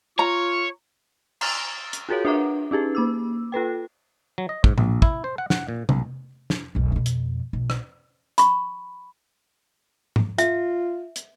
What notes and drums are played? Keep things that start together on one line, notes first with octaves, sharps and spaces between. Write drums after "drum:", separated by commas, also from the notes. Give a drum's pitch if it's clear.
F4 C#5 A#5 C#6
A#5 C6 E6 F6 A6, drum: cymbal
drum: hi-hat
F4 F#4 G#4 A#4 C#5 F5
D4 B4 E5 F#5 A#5 D6
C#4 D#4 G4 G#4 B4
A#3 D6 E6
F4 A4 B4 G5
F#3
D#5
G#2, drum: kick
A#1, drum: tom A2
E4, drum: kick
C5
F#5
F#5, drum: snare
A#2
B1, drum: tom C3
drum: snare
E1 B1
F2 B2
drum: hi-hat
B1
drum: rim click
B5 C#6, drum: hi-hat
drum: tom G#2
F4 E5, drum: hi-hat
drum: hi-hat